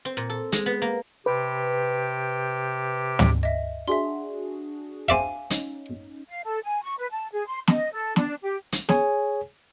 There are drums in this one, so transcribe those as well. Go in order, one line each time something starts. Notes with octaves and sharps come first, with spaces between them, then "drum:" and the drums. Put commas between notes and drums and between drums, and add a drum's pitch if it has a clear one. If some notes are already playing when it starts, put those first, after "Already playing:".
C4
A#2
A4
G#3, drum: hi-hat
B3
A#3
C3 G4 B4
drum: tom
D#5 E5
D4 F#4 G#4 E5 C6
C4 D5 E5 F5 G#5
C#4 D#4, drum: hi-hat
F5
A4
G#5
C#6
B4
A5
G#4
C6
D#5, drum: snare
A4
D4, drum: snare
G4
drum: hi-hat
G#4 C#5 G#5, drum: snare